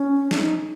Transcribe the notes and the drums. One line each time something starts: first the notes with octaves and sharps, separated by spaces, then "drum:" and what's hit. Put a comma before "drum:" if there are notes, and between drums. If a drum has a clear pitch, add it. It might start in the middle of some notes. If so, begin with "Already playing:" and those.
Already playing: C#4
D4, drum: snare
D#4